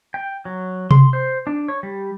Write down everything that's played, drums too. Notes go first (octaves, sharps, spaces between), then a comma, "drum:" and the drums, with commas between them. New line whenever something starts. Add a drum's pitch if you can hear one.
G5
F#3
C6, drum: tom C3
C5
D4
C#5
G3